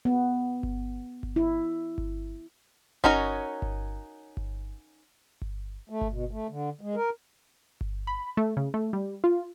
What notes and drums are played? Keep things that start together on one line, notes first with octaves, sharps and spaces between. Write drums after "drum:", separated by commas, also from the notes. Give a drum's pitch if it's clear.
B3
drum: kick G1
drum: kick G1
E4
drum: kick G1
C#4 D#4 F#4 A#4 C#5, drum: kick G1
drum: kick G1
drum: kick G1
drum: kick G1
A3
drum: kick G1
B2
A3
D3
G#3
A#4
drum: kick G1
B5
A3
C#3
A3
G3
F4